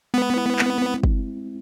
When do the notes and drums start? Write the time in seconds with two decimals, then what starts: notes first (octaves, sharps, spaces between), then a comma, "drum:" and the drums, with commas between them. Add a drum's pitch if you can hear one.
0.14 G#3 B3
0.36 E4
0.59 C4, drum: clap
1.03 drum: kick